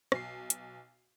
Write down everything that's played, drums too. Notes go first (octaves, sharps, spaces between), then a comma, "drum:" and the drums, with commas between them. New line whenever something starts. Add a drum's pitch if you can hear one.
B1 C7, drum: rim click
drum: hi-hat